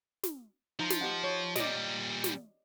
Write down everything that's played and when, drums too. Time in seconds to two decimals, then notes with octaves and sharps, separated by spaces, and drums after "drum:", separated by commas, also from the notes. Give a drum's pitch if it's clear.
0.24 drum: snare
0.79 F3 D#4 A#5
0.90 drum: snare
1.01 G4 D#5 F#5
1.24 C#5
1.56 A#2 G3 D5 D#5, drum: snare
2.24 drum: snare